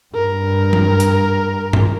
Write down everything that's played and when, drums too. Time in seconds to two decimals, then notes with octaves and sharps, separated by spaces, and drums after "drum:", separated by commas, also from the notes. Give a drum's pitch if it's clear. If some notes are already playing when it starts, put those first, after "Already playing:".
0.14 G2 A#4
0.73 drum: tom E3
1.00 drum: hi-hat
1.73 drum: tom G2